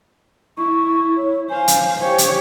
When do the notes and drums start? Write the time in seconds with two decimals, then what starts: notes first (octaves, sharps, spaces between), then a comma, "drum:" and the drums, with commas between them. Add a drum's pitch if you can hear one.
0.58 E4 C#6
1.17 C#5
1.50 C5 F5 G#5
1.68 drum: hi-hat
2.01 G4 C5 C#5
2.18 drum: hi-hat